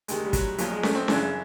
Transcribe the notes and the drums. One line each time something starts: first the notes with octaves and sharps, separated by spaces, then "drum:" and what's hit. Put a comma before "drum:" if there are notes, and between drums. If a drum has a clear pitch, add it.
D2 C3 D#3 G#3, drum: hi-hat
G3
F#3, drum: kick, hi-hat
B1 A#2 F3 F#3, drum: hi-hat
G#3
A3, drum: snare C#4
C4
F#2 C#3 E3 D4, drum: snare C#4